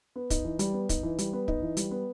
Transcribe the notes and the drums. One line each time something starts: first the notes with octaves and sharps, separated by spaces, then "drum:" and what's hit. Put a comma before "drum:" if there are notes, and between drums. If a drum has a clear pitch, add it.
B3
D#4, drum: kick, hi-hat
E3
G3, drum: hi-hat
B3
D#4, drum: kick, hi-hat
E3
G3, drum: hi-hat
B3
D#4, drum: kick
E3
G3, drum: hi-hat
B3